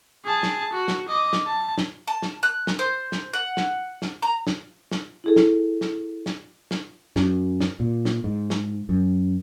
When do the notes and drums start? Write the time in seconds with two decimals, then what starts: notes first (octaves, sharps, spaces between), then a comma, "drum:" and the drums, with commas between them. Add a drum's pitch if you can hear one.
0.25 G#4 A5
0.43 drum: snare
0.73 F#4
0.88 drum: snare
1.09 D#5 D6
1.33 drum: snare
1.46 A5
1.78 drum: snare
2.07 A5
2.22 drum: snare
2.43 F#6
2.67 drum: snare
2.79 C5
3.12 drum: snare
3.33 F#5
3.57 drum: snare
4.02 drum: snare
4.22 A#5
4.47 drum: snare
4.91 drum: snare
5.24 E4 G#4 A4
5.36 drum: snare
5.81 drum: snare
6.26 drum: snare
6.71 drum: snare
7.16 F#2, drum: snare
7.61 drum: snare
7.80 A#2
8.05 drum: snare
8.24 G#2
8.50 drum: snare
8.89 F#2